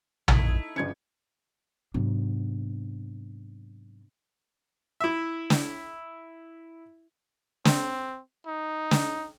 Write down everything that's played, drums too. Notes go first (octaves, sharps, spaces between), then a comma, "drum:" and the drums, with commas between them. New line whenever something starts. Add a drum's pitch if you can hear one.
A3 D#4 E4, drum: tom
G1 C#3 F3 G#6 C#7
G#2 C3 F#3 B3 D4
E4 E5
drum: snare
C4, drum: snare
D#4
drum: snare